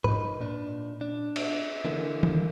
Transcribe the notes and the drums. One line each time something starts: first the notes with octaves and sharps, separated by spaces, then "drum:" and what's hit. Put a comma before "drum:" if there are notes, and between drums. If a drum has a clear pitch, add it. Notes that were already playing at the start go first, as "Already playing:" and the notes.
D#4 B4, drum: tom G#2
A#2 D4
D4
drum: cymbal
D3 E3 A#3
drum: tom D#3